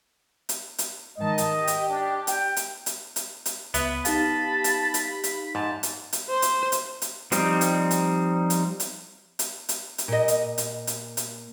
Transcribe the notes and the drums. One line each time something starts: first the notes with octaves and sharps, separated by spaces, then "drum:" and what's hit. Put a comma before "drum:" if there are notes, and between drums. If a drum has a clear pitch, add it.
drum: hi-hat
drum: hi-hat
G#2 D#3 D#5 A5
drum: hi-hat
G4
drum: hi-hat
D4
G5, drum: hi-hat
drum: hi-hat
drum: hi-hat
drum: hi-hat
drum: hi-hat
C#2 B3 B4 E5 B5, drum: hi-hat
D#4 G4 F5 A5 B5, drum: hi-hat
drum: hi-hat
drum: hi-hat
drum: hi-hat
G#2 A5
drum: hi-hat
drum: hi-hat
C5
drum: hi-hat
drum: hi-hat
drum: hi-hat
F3 G3 C4 D#4, drum: hi-hat
drum: hi-hat
drum: hi-hat
drum: hi-hat
drum: hi-hat
drum: hi-hat
drum: hi-hat
drum: hi-hat
A#2 D#5
drum: hi-hat
drum: hi-hat
drum: hi-hat
drum: hi-hat